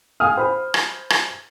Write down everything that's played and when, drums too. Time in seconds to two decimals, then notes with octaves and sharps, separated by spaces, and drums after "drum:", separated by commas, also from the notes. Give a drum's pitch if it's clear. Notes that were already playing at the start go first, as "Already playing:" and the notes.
0.20 F5 G5 G#5 D#6 F6
0.37 C5 B5
0.74 drum: rim click
1.10 drum: rim click